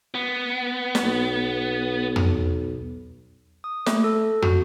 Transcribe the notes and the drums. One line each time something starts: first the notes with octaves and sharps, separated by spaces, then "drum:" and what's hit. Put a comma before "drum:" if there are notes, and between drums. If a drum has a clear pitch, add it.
B3
drum: snare
B1
drum: tom
D#6
A3, drum: snare
A4
F#4, drum: tom